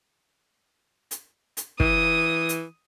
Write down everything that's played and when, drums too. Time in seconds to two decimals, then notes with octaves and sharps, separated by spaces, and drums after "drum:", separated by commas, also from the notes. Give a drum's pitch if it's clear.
1.11 drum: hi-hat
1.57 drum: hi-hat
1.80 E3 D#6, drum: kick
2.49 drum: hi-hat